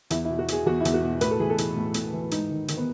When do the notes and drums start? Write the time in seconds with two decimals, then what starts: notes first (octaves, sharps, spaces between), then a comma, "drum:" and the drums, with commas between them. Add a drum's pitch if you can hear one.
0.10 E2 E4, drum: hi-hat
0.25 E4
0.30 B2
0.39 F#4
0.48 B2 G#4, drum: hi-hat
0.66 E2 F#4
0.81 E4
0.85 E2, drum: hi-hat
0.94 F#4
1.02 B2
1.21 A2 B4, drum: hi-hat
1.31 A4
1.39 E3 G#4
1.50 A4
1.58 E3, drum: hi-hat
1.76 A2
1.94 A2, drum: hi-hat
2.13 E3
2.31 G#2 D#4, drum: hi-hat
2.50 D#3
2.68 D#3, drum: hi-hat
2.77 B3